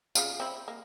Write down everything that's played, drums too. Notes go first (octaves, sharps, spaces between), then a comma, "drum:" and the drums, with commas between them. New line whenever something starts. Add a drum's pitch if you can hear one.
C#3 F4 F5, drum: tambourine
C4 E4
A#3